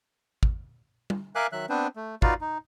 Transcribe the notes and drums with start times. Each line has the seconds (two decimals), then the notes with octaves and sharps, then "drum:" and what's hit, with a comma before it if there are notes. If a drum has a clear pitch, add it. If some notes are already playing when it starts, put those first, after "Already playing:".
0.43 drum: kick
1.10 drum: tom
1.35 A#4 E5 F5 G#5 D6 F#6
1.52 D#3 F#3 E5 F#6
1.69 B3 C4 D4 B4 C5
1.96 A3
2.22 D#4 F4 F#4 B4 D5 F5, drum: kick
2.41 D#4